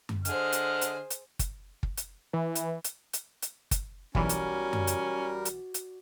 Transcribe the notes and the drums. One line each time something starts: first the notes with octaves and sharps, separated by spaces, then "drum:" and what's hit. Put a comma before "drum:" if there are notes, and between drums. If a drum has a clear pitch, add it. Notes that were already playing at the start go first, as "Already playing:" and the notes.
drum: tom F#2
D3 G#4 C5 D#5 F6, drum: hi-hat
drum: hi-hat
drum: hi-hat
drum: hi-hat
drum: kick, hi-hat
drum: kick
drum: hi-hat
E3
drum: hi-hat
drum: hi-hat
drum: hi-hat
drum: hi-hat
drum: kick, hi-hat
B1 E3 G3 C#4 F#4 A#4 D5, drum: kick
drum: hi-hat
drum: tom F#2
drum: hi-hat
drum: hi-hat
drum: hi-hat